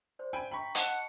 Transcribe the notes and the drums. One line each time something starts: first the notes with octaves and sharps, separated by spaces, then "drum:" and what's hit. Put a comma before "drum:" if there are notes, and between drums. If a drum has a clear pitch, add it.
C5 D5
G5 G#5 B5
G5 A#5 B5 C#6 B6
D#5 F#5 A5, drum: hi-hat